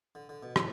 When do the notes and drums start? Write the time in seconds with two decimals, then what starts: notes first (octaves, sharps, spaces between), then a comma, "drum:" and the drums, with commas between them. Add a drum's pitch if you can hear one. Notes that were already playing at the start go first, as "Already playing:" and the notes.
0.15 D3
0.29 D3
0.43 B2
0.56 A2, drum: rim click